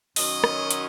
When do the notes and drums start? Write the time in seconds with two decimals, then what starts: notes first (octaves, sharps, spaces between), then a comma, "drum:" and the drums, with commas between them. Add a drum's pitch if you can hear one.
0.16 F#2 D#3 F#3 C#4 D#5, drum: open hi-hat
0.44 drum: rim click
0.71 drum: hi-hat